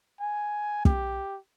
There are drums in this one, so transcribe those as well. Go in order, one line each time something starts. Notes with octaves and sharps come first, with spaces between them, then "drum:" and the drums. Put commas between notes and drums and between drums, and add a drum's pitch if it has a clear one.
G#5
G4, drum: kick